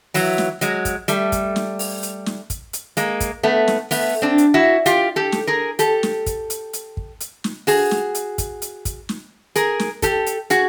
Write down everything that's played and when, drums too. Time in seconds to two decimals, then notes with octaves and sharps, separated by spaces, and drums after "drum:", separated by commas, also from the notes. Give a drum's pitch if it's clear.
0.14 E3 F#3, drum: open hi-hat
0.38 drum: snare
0.61 F#3 G#3, drum: hi-hat
0.85 drum: kick, hi-hat
1.08 G3 A3, drum: hi-hat
1.32 drum: kick, hi-hat
1.56 drum: snare
1.79 drum: open hi-hat
2.03 drum: hi-hat
2.26 drum: snare
2.50 drum: kick, hi-hat
2.73 drum: hi-hat
2.97 G#3 A#3, drum: hi-hat
3.20 drum: kick, hi-hat
3.43 A3 B3
3.68 drum: snare
3.91 A3 B3, drum: open hi-hat
4.22 C4 D4
4.38 drum: hi-hat
4.54 E4 F#4
4.86 F4 G4, drum: hi-hat
5.16 G4 A4
5.32 drum: snare
5.47 G#4 A#4
5.79 G4 A4, drum: hi-hat
6.03 drum: snare
6.26 drum: kick, hi-hat
6.50 drum: hi-hat
6.74 drum: hi-hat
6.97 drum: kick
7.21 drum: hi-hat
7.44 drum: snare
7.67 F#4 G#4, drum: open hi-hat
7.91 drum: snare
8.15 drum: hi-hat
8.38 drum: kick, hi-hat
8.62 drum: hi-hat
8.85 drum: kick, hi-hat
9.09 drum: snare
9.56 G#4 A#4, drum: hi-hat
9.80 drum: snare
10.02 G4 A4, drum: kick, hi-hat
10.27 drum: hi-hat
10.50 F#4 G#4, drum: hi-hat